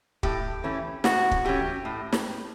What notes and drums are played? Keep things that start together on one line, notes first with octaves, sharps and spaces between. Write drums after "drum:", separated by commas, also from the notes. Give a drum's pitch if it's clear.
A2 G4, drum: kick
E3 A3 C#4
A2 F#4, drum: snare
drum: kick
E3 A3 C#4 G4
A2
drum: snare